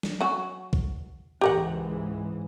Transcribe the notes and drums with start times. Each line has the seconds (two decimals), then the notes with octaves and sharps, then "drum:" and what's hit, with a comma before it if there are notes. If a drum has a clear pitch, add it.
0.03 drum: snare
0.21 F#3 C#4 F#4
0.73 drum: kick B1
1.41 C#2 G#2 E3 G4 A#4 F#5